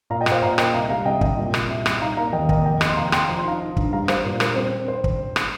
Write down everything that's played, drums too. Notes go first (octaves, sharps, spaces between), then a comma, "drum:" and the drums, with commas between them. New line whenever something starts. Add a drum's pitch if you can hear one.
A#2 F5 A#5
D#5 G5
A#2, drum: rim click
C5 F5
A#2 F5 A#5
A#3 D#5 G5, drum: rim click
C2 F5 A#5
G3 F5 A#5
C3 D#5 G5
G3 D#5 G5, drum: kick
A#2
C2, drum: rim click
C2
C2, drum: rim click
D#4 F5 A#5
A#3 F5 A#5
D#2 D#5 G5
A#3 D#5 G5, drum: kick
F1 D#5 G5
F1 D#5 G5, drum: rim click
C6
F1 F5 A#5
F1 G5 C6, drum: rim click
F3 A#5
C6
D#4 F5 A#5
D#4
G2, drum: kick
G3 F5 A#5
G3 C5 F5, drum: rim click
A#2 C5
G3 A#4, drum: rim click
C4 C5
C4
C5
drum: kick
drum: rim click